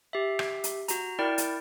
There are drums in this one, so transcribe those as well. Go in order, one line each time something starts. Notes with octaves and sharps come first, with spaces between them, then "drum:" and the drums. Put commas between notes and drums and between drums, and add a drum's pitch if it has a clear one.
G4 E5
drum: rim click
drum: hi-hat
F#4 A#5, drum: hi-hat
E4 A#4 D5 G5
drum: hi-hat